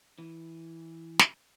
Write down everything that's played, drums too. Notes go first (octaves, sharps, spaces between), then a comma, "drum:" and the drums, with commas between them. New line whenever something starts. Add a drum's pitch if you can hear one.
E3
drum: snare